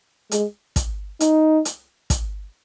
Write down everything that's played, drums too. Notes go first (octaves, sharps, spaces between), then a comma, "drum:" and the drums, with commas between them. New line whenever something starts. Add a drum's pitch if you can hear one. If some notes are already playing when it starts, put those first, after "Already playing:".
G#3, drum: hi-hat
drum: kick, hi-hat
D#4, drum: hi-hat
drum: hi-hat
drum: kick, hi-hat